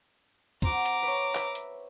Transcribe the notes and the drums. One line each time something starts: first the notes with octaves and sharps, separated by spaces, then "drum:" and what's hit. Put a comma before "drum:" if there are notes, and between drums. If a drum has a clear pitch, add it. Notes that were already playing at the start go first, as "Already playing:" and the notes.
C4 F#4 A#5 D6, drum: kick C#2, hi-hat
drum: hi-hat
B4 C#5
B4 E5, drum: clap
drum: hi-hat